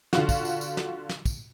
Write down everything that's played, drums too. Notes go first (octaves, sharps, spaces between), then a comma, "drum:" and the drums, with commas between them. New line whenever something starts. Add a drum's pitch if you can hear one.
D3 F4 F#4, drum: snare
drum: kick, tambourine
drum: tambourine
drum: tambourine
drum: snare
drum: snare
drum: kick, tambourine